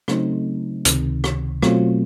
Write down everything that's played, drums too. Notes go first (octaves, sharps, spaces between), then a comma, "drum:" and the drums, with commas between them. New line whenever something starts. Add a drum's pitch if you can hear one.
C#3 F#3 A3 C4 D#4, drum: rim click
C#2 C3 D#3, drum: hi-hat
drum: rim click
B2 F#3 A3 C4 F4, drum: rim click